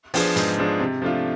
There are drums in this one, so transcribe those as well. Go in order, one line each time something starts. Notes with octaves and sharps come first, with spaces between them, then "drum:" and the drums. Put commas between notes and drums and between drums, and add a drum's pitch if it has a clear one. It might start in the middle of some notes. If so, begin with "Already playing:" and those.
F3 B3 D4 G#4, drum: open hi-hat
G#2, drum: hi-hat
F3 B3 D4 G#4
C3
F3 A3 D4 F4